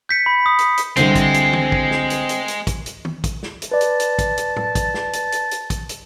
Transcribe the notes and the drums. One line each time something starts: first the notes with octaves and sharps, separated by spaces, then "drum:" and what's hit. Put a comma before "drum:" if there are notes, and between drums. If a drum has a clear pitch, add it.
G6 B6 C#7
B5
D#6
drum: hi-hat
drum: hi-hat
C2 D3 G#3 C4 C5, drum: hi-hat
drum: kick, hi-hat
drum: hi-hat
drum: tom
drum: kick
drum: snare
drum: hi-hat
drum: hi-hat
drum: hi-hat
drum: kick, hi-hat
drum: hi-hat
drum: tom
drum: kick, hi-hat
drum: snare
drum: hi-hat
B4 D5 A5
drum: hi-hat
drum: hi-hat
drum: kick, hi-hat
drum: hi-hat
drum: tom
drum: kick, hi-hat
drum: snare
drum: hi-hat
drum: hi-hat
drum: hi-hat
drum: kick, hi-hat
drum: hi-hat